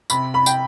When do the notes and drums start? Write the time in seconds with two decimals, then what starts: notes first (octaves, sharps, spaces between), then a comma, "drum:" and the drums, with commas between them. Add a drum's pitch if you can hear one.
0.10 C3 B5, drum: tambourine
0.34 B5
0.46 G5, drum: tambourine